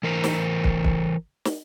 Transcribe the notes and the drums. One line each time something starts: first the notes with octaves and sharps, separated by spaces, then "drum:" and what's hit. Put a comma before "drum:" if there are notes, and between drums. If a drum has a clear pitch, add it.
E3 A#4 C5 A#5
drum: snare
drum: kick
drum: kick
drum: snare